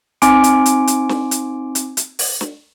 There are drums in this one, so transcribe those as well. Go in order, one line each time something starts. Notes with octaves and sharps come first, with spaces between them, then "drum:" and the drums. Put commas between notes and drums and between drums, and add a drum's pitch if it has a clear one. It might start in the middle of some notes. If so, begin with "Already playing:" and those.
C4 D#4 G#5 C6 D6 D7, drum: hi-hat
drum: hi-hat
drum: hi-hat
drum: hi-hat
drum: snare
drum: hi-hat
drum: hi-hat
drum: hi-hat
drum: open hi-hat
drum: snare